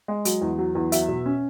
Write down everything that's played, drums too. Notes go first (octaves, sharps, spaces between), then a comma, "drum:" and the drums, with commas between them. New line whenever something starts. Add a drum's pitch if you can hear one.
G#3
F#3, drum: hi-hat
E2
F#3
E2
F#3 E5, drum: hi-hat
B2
C#4